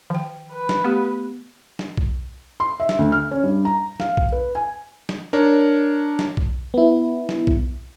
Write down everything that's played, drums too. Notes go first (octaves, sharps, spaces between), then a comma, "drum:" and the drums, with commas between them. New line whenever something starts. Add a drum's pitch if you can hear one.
D#3 F3 G5
B4
drum: snare
A3 B3 G4
drum: snare
drum: kick B1
C6
E5
drum: snare
D2
F6
C#4
G2
A#5
F5, drum: snare
drum: kick B1
B4
G#5
drum: snare
D4 A#4 C#5
drum: snare
drum: kick B1
B3 E4
drum: snare
drum: kick B1